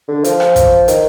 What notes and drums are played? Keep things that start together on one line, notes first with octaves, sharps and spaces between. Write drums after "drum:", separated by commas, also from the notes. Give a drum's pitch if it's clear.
D3
F3, drum: hi-hat
drum: rim click
drum: kick, hi-hat
D#3, drum: hi-hat